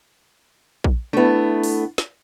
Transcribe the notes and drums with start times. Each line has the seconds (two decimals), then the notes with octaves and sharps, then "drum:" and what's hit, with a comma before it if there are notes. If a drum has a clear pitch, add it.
0.84 drum: kick A#1
1.13 A3 B3 D4 E4
1.63 drum: open hi-hat
1.98 drum: snare